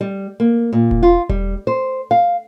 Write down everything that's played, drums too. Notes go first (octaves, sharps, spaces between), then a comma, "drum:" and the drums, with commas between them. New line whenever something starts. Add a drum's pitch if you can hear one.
G3
A#3
A#2
drum: kick E1
F4
G3, drum: kick E1
C5
F5